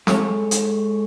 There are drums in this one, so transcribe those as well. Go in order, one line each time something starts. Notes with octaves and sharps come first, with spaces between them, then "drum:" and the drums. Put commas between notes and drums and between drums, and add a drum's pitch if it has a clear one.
G#3 A4 C#5, drum: snare
drum: hi-hat